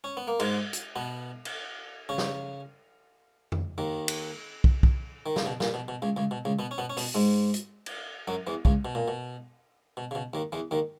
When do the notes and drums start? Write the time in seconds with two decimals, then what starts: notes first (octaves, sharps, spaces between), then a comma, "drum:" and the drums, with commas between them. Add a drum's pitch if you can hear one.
0.04 C#4
0.17 B3
0.28 A#3
0.40 G#2 G#3, drum: cymbal
0.73 drum: hi-hat
0.96 B2 B3
1.45 drum: cymbal
2.09 C#3 C#4
2.18 drum: snare
3.52 drum: tom F2
3.78 D#2 D#3
4.08 drum: cymbal
4.64 drum: kick
4.83 drum: kick
5.26 D#3
5.36 C#3, drum: snare
5.46 B2
5.60 A#2, drum: snare
5.74 B2
5.88 B2
6.02 C#2 C#3
6.16 C#2 C#3
6.31 B2
6.45 C#2 C#3
6.59 B2 B3
6.71 C#4
6.78 B2 B3
6.90 C#4
6.97 B2 B3, drum: open hi-hat
7.15 G#2 G#3
7.54 drum: hi-hat
7.86 drum: cymbal
8.28 F#2 F#3
8.47 E2 E3
8.65 C#2 C#3, drum: kick
8.85 B2
8.95 A#2
9.08 B2
9.97 B2
10.11 C#3
10.15 B2
10.34 D#2 D#3
10.52 E2 E3
10.71 D#2 D#3